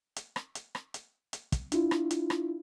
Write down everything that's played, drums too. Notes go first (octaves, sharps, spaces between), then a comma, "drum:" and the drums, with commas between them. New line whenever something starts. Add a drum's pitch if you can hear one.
drum: hi-hat
drum: rim click
drum: hi-hat
drum: rim click
drum: hi-hat
drum: hi-hat
drum: kick, hi-hat
D4 E4 F4, drum: hi-hat
drum: rim click
drum: hi-hat
drum: rim click